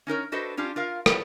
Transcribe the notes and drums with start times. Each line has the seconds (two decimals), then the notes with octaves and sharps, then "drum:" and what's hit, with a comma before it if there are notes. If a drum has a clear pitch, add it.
0.07 C#4 D#4 A#4 C#5
0.32 D4 F#4 A4 B4 C5 D#5
0.57 C#4 D4 F4 G4
0.76 F4 A#4 F5
1.06 G4 A4 B4 C#5, drum: rim click